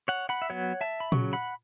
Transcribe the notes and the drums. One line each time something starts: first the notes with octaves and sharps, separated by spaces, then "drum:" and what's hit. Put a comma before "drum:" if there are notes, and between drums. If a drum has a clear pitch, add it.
C#5 F#5
F#5 B5
E5
F#3 B3 C#5 F#5
E5 A5
B5
C#3 F#3 C#6, drum: tom A#2
F#5 B5